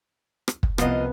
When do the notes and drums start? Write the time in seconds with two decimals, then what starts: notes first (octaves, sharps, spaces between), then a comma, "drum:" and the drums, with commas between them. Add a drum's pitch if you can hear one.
0.48 drum: rim click
0.63 drum: kick
0.78 C2 C3 F3 B3 F4 D#5, drum: rim click